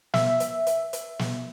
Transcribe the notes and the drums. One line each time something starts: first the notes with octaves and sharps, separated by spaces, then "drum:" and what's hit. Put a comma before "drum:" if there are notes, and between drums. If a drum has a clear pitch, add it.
E5, drum: snare
drum: hi-hat
drum: hi-hat
drum: hi-hat
drum: snare